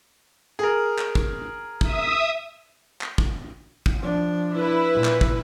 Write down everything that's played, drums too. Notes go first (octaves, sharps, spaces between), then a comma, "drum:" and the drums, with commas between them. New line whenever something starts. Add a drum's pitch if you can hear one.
G#4 A#4
drum: clap
drum: kick
E5 D#6, drum: kick
drum: clap
drum: kick
drum: kick
F3 D4
E4 B4
A#2
drum: clap
drum: kick